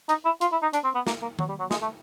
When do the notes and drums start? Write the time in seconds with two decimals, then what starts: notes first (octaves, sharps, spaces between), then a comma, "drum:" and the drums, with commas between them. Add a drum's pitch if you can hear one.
0.09 D#4, drum: hi-hat
0.25 E4
0.41 F4, drum: hi-hat
0.52 E4
0.62 D#4
0.73 D4, drum: hi-hat
0.84 C4
0.95 B3
1.07 A#3, drum: snare
1.22 A#3
1.39 F#3, drum: tom D#3
1.49 G3
1.59 F#3
1.71 G#3, drum: snare
1.82 A3